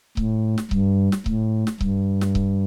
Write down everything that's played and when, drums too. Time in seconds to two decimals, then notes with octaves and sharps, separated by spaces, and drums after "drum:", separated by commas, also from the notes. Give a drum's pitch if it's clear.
0.17 A2, drum: kick C#1
0.58 drum: snare
0.71 G2, drum: kick C#1
1.12 drum: snare
1.26 A2, drum: kick C#1
1.67 drum: snare
1.81 G2, drum: kick C#1
2.21 drum: snare
2.35 drum: kick C#1